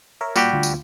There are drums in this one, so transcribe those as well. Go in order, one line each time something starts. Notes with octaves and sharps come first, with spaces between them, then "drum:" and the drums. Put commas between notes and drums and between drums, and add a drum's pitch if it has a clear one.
A#4 C#5 E5
A#2 G3 F#4 G4, drum: tambourine
D2 F4
drum: tambourine